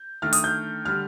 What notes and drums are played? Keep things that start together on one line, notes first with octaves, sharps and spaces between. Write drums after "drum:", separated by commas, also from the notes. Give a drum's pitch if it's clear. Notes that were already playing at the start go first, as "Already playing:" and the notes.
Already playing: G6
D#3 A3 D4 F6
D#6, drum: hi-hat
G6
D3 G3 F6